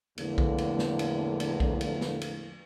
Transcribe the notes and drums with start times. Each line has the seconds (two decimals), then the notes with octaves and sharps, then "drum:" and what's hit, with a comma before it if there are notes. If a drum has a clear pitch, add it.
0.18 E2 A2 D3 F3 A#3, drum: cymbal
0.38 drum: kick B1
0.58 drum: cymbal
0.79 drum: snare
0.99 drum: cymbal
1.40 drum: cymbal
1.60 drum: kick B1
1.81 drum: cymbal
2.01 drum: snare
2.21 drum: cymbal